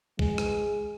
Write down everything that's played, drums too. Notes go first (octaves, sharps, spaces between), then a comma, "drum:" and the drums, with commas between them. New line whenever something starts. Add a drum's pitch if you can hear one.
G#3, drum: kick
drum: rim click